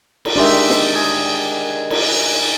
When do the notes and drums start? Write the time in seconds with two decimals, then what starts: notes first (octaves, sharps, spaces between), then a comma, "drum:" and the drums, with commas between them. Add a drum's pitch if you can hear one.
0.25 drum: cymbal
0.36 D#3 G#3 D4 G4 D5 E5
0.70 drum: snare
0.95 G#4
1.90 drum: cymbal